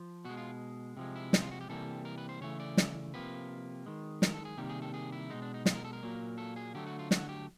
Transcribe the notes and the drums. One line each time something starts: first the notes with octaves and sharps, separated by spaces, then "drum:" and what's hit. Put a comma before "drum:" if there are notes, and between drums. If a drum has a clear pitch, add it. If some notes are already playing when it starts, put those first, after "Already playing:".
Already playing: F3
B2 G#3 F#4
F4
C3 F3 G#3
E4
D#4, drum: snare
F4
F#4
G4
C3 E3 G3 A#3 A4
A#4
B4
C5
C#3 E3 A3 C#5
D5
drum: snare
C3 F3 A#3 B4
D#3 G#3
A#4, drum: snare
A4
G#4
C3 D#3 G3 A#3 G4
G#4
A4
G#4
E4
B2 G#3 D#4
D4
D#4
F4, drum: snare
A#4
A4
A#4
A#2 F#3 A#3
A4
G#4
D3 F#3 A3 G4
F#4
F4
F#4, drum: snare
G4